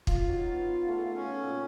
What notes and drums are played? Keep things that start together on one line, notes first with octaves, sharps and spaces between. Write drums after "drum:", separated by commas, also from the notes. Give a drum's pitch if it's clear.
F4 F5, drum: kick
D#4 F#4 C#5
B3
A3 D#4 G#4
C#3 A3 C#4 C#5
A#2 A4 G5